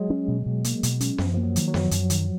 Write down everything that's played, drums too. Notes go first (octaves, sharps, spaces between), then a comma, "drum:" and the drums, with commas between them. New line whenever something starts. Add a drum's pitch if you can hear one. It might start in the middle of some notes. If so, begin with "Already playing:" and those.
Already playing: F#3 G#3
C#4
B2
B2
A#3, drum: hi-hat
B2, drum: hi-hat
C#4, drum: hi-hat
F#2 F3, drum: snare B3
F3 A#3
F#3
D#3, drum: hi-hat
F#3
F#2, drum: snare B3
F#2, drum: hi-hat
D#3, drum: hi-hat